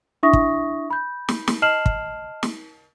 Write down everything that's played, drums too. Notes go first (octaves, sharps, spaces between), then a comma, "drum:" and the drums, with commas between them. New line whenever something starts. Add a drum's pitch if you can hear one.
D4 E4 E5 C#6 D#6 A#6
drum: kick
B5 G6
drum: snare
drum: snare
D#5 A5 F6 C7 E7 F#7
drum: kick
drum: snare